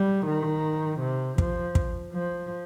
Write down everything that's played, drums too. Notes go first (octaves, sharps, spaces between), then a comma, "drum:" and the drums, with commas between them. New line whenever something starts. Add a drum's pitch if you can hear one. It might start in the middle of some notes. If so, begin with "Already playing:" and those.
Already playing: G3
D#3
C3
F3, drum: kick
drum: kick
F3